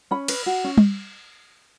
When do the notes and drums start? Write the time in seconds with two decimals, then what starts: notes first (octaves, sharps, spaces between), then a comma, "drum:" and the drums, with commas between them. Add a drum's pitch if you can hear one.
0.11 C#4 B5
0.28 B4, drum: cymbal
0.46 F#4
0.64 C#4
0.78 drum: tom G3